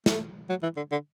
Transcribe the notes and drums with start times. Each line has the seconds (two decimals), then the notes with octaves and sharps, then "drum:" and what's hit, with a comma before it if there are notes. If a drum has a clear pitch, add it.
0.06 A3, drum: snare
0.49 F#3
0.62 E3
0.77 D3
0.91 D3